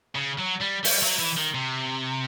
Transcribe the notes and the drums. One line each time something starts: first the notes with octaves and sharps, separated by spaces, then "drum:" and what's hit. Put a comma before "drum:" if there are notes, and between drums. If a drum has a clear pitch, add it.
C#3
F#3
G3
G3, drum: open hi-hat
F#3
E3
D#3
C3